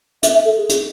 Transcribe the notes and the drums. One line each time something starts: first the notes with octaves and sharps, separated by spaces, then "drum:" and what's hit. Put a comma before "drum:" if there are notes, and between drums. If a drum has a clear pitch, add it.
E5, drum: hi-hat
E5
A4
G#4
G#4, drum: hi-hat